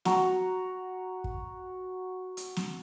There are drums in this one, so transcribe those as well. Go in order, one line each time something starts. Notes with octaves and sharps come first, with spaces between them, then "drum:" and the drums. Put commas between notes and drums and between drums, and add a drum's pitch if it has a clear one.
F#4 A#5, drum: snare
drum: kick
drum: hi-hat
drum: snare